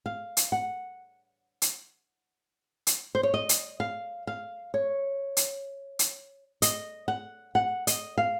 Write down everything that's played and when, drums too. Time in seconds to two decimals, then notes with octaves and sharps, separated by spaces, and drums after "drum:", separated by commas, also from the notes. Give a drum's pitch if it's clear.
0.06 F5
0.37 drum: hi-hat
0.52 F#5
1.62 drum: hi-hat
2.87 drum: hi-hat
3.15 C5
3.23 C#5
3.34 D#5
3.49 drum: hi-hat
3.80 F5
4.27 F5
4.74 C#5
5.37 drum: hi-hat
5.99 drum: hi-hat
6.62 D#5, drum: hi-hat
7.08 F#5
7.55 F#5
7.87 D#5, drum: hi-hat
8.18 F5